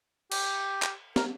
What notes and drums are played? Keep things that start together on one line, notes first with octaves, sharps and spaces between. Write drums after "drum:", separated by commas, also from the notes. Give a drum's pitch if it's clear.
G4, drum: cymbal
drum: clap
A#4, drum: snare